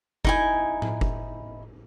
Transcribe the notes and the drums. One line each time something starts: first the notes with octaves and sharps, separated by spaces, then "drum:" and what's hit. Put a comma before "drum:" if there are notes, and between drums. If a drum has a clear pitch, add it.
D#4 E4 G#5, drum: kick F#1
drum: tom A2
drum: kick F#1